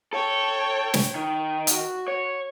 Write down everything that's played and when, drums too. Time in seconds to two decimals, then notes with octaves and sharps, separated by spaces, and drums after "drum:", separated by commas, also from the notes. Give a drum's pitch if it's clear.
0.13 A4 C#5 G5
0.94 drum: snare
1.15 D#3
1.67 F#4, drum: hi-hat
2.08 C#5